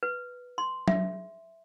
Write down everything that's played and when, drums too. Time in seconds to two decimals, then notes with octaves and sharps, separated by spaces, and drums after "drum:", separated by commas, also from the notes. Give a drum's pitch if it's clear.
0.03 B4
0.58 C6
0.88 E5, drum: tom F#3